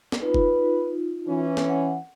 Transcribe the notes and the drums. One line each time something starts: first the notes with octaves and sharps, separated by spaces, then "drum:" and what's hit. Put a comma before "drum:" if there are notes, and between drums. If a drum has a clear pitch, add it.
drum: snare
D#4 F4 B4
drum: kick
E3 C#4
drum: snare
F#5